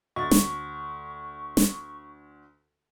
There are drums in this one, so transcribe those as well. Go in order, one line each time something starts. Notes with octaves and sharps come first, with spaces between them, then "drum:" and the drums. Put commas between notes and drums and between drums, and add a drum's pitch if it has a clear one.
D2 C#6 A6
drum: snare
drum: snare